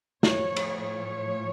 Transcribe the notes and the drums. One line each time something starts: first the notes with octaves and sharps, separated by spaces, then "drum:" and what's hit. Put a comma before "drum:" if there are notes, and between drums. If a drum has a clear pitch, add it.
A2 F3 C#5, drum: snare
drum: cymbal
C#5